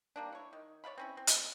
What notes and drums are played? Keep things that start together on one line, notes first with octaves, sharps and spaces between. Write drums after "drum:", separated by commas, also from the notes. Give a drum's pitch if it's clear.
G3 A#3 D4
E4 C#5
D#3
C#5 D5 F5 B5
C4 C#4 E4
C4
drum: hi-hat